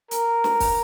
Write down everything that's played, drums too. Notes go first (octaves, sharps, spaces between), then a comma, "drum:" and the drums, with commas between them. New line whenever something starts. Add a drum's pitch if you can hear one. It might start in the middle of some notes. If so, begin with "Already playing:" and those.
A#4, drum: hi-hat
drum: snare
drum: kick, open hi-hat